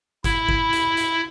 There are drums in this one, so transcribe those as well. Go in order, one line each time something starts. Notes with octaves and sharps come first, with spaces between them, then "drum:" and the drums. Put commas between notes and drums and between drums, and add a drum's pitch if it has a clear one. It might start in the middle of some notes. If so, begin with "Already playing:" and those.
E4, drum: kick G1, hi-hat
drum: kick G1
drum: hi-hat
drum: hi-hat